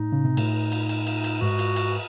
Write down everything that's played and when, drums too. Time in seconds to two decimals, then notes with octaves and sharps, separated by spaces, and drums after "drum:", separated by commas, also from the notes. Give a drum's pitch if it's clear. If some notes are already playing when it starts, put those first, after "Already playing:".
Already playing: A2 D#4
0.13 C#3
0.25 C3
0.37 A2, drum: cymbal
0.72 drum: cymbal
0.89 drum: cymbal
1.07 drum: cymbal
1.24 drum: cymbal
1.41 G#2 F#4
1.59 drum: cymbal
1.76 drum: cymbal